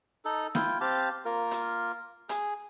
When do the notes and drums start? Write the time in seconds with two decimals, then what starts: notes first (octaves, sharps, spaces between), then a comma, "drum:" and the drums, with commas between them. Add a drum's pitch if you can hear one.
0.25 D#4 A4
0.55 E4 F4 G5, drum: snare
0.81 C4 G4 F5 A5
1.25 A#3 F4 A#4
1.51 drum: hi-hat
2.29 G#4, drum: hi-hat